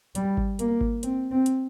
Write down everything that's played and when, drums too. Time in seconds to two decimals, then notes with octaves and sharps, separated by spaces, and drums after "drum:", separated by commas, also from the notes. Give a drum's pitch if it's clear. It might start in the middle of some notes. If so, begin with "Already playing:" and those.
0.15 G3, drum: hi-hat
0.37 drum: kick G#1
0.59 A#3, drum: hi-hat
0.81 drum: kick G#1
1.03 C4, drum: hi-hat
1.31 C4
1.46 drum: hi-hat